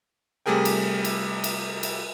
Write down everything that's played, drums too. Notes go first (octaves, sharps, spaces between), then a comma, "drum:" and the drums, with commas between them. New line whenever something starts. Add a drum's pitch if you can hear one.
C3 G3 A3 G#4 A#4 G5
drum: cymbal
drum: cymbal
drum: cymbal
drum: cymbal